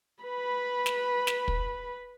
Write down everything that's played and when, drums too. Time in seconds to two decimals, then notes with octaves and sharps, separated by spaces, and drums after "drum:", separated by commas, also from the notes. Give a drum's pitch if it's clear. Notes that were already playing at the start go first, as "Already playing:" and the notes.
0.24 B4 B5
0.86 drum: snare
1.27 drum: snare
1.48 drum: kick